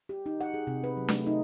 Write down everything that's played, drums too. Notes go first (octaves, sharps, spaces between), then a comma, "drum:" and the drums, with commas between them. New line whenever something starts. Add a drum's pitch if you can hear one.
G4
D#4
F#5
G#4
C3
B4
F#3
A3, drum: snare D4
D#4